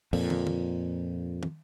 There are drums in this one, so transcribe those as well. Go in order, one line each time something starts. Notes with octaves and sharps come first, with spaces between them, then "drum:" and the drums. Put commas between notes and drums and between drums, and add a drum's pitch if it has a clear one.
F2 A#2, drum: cymbal
drum: tom
drum: tom
drum: tom